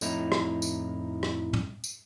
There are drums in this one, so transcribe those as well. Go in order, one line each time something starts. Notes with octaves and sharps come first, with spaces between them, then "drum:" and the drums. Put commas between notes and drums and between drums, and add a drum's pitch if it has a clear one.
F2 A2 D#4 E4 A#5, drum: tambourine
drum: rim click
drum: tambourine
drum: rim click
drum: tom
drum: tambourine